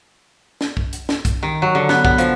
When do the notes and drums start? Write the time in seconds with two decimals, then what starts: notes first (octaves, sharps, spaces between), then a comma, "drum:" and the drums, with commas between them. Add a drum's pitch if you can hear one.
0.61 drum: snare
0.77 drum: kick
0.93 drum: hi-hat
1.09 drum: snare
1.25 drum: kick, hi-hat
1.43 D#3
1.62 F#3
1.75 D3
1.89 B3, drum: snare
2.05 B3, drum: kick
2.18 F3, drum: hi-hat